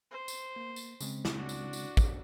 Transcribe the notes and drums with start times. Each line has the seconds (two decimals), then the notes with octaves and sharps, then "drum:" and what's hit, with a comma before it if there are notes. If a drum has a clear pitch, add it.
0.11 C5
0.28 drum: tambourine
0.56 A#3
0.76 drum: tambourine
1.01 C#3 G#3 C4, drum: tambourine
1.25 drum: snare
1.36 D4 F#4
1.49 drum: tambourine
1.73 drum: tambourine
1.97 drum: kick, tambourine